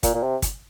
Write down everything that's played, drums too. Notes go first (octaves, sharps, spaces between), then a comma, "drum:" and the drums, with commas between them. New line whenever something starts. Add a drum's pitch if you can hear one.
A#2, drum: kick, hi-hat
A#2
C3
drum: kick, hi-hat